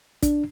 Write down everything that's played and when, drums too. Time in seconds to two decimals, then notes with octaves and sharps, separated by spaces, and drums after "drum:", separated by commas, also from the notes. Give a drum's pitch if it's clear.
0.23 D4, drum: kick, hi-hat